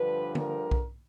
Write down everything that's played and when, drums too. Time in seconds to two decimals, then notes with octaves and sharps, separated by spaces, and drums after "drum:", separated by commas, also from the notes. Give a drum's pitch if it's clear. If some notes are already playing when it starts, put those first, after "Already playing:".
Already playing: G2 D3 F3 B4
0.35 A#4, drum: tom D3
0.71 drum: kick B1